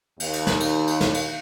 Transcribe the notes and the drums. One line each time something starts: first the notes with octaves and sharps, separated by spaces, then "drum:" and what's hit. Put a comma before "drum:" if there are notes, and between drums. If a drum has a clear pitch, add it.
D#2, drum: cymbal
drum: cymbal
drum: snare
drum: cymbal
drum: cymbal
drum: snare
drum: cymbal